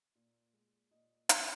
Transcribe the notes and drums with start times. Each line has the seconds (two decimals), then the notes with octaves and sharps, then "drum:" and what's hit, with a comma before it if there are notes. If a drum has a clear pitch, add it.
0.15 A#2
0.53 G#3
0.91 A#2 D#5
1.29 G3, drum: hi-hat